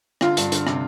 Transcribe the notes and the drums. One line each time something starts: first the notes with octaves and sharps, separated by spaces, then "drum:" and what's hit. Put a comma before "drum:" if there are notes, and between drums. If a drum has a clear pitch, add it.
D3 F4, drum: rim click
G2, drum: hi-hat
D3, drum: hi-hat
C3, drum: rim click